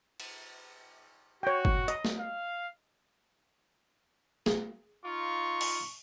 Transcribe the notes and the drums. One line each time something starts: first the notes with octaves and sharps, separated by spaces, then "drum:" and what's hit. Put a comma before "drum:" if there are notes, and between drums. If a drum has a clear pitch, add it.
drum: cymbal
F#4 C#5 G5
drum: kick F#1
D#5, drum: hi-hat
drum: snare
F5
G#4, drum: snare
D#4 F4 C#6
drum: open hi-hat